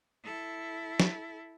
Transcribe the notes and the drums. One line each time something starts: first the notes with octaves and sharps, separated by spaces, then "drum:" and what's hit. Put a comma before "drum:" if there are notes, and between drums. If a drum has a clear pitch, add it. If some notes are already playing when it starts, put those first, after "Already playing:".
E4 A4
drum: snare